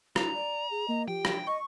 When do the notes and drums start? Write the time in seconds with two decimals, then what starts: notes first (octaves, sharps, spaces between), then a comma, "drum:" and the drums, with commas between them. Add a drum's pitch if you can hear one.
0.16 E4 A#5, drum: rim click
0.34 D5
0.71 G#4
0.88 A#3 D#5
1.08 F3 G4 G5
1.25 drum: rim click
1.47 D#5 C#6